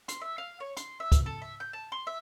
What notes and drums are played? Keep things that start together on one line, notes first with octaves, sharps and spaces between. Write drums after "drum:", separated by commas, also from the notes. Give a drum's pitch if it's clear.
C6, drum: hi-hat
E5
F5
C#5
C6, drum: hi-hat
E5
drum: kick C#2, hi-hat
A4
E5
G6
A5
C6
E5